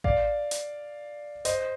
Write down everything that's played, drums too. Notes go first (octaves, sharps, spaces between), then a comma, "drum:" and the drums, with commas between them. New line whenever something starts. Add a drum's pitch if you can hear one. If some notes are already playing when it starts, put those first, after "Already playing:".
D5 F5, drum: kick A1
drum: hi-hat
C5 D#5, drum: hi-hat